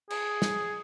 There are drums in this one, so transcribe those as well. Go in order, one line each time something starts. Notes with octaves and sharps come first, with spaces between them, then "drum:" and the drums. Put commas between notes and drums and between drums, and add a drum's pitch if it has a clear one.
G#4, drum: cymbal
drum: snare